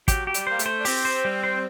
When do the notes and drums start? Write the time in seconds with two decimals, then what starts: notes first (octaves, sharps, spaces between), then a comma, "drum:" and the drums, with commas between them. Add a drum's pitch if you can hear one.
0.08 F#3 G4, drum: kick, hi-hat
0.27 G4
0.34 G3, drum: hi-hat
0.47 A#3 C5
0.59 A3, drum: hi-hat
0.66 C5
0.79 D4
0.85 C4 G4, drum: open hi-hat
1.05 C5
1.25 G3
1.44 C5